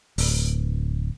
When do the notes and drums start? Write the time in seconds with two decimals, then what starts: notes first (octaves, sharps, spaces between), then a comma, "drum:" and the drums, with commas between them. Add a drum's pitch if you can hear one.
0.18 D1, drum: open hi-hat